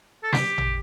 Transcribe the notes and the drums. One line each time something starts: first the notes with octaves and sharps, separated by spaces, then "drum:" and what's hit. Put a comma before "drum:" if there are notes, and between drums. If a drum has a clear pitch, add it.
A4
G4, drum: snare
drum: tom A1